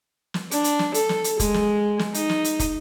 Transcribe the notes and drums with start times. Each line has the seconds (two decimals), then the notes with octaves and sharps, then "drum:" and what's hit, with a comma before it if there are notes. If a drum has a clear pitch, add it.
0.34 drum: snare
0.51 D4, drum: hi-hat
0.64 drum: hi-hat
0.79 drum: snare
0.94 A4, drum: hi-hat
1.09 drum: snare
1.24 drum: hi-hat
1.40 G#3, drum: kick, hi-hat
1.54 drum: snare
1.99 drum: snare
2.14 D#4, drum: hi-hat
2.29 drum: snare
2.44 drum: hi-hat
2.59 drum: kick, hi-hat